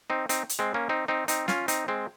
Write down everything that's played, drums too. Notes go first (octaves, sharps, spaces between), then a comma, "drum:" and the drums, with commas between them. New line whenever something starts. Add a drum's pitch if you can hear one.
C4 D#4
C4 D#4, drum: hi-hat
drum: hi-hat
G#3 C4
A#3 C#4
C4 D#4
C4 D#4
C4 D#4, drum: hi-hat
C#4 F4, drum: snare
C4 D#4, drum: hi-hat
G#3 C4